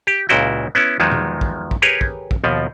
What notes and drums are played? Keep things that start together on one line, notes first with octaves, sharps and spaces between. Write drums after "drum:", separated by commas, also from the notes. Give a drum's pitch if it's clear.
G4
C#2 A#2 C#3 E4 F#4 G5
B3 C#4 E4
E2 D#3 F3 F#3 G#3
drum: tom B2
drum: kick
drum: kick
G4 G#4 A#4 B4 C#5
drum: kick
drum: kick
D#2 B2 F3